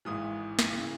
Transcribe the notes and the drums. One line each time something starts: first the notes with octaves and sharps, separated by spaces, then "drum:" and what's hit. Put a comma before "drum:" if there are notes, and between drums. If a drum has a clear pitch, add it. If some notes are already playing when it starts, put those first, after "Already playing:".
G#1 G#2 E3 D#6
drum: snare
C#3 E3